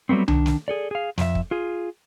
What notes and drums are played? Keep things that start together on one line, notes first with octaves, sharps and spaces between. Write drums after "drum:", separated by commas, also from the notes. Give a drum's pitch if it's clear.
F#3 G3 A3 B3 C4
D#3 D4, drum: tom C2
drum: snare
G#4 A4 D5
G#4 F5
F2 E5, drum: snare
drum: kick
F4 G#4